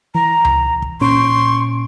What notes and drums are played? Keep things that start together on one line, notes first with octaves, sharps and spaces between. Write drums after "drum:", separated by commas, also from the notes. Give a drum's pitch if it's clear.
E3 A#5
drum: tom C#2
drum: kick
A#2 C#4 C6 C#6 D7